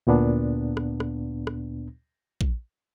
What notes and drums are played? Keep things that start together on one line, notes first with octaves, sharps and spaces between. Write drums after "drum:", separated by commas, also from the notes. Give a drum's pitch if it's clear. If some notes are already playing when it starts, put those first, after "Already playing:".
D2 A#2 B3 D4
drum: rim click
drum: rim click
drum: rim click
drum: kick A#1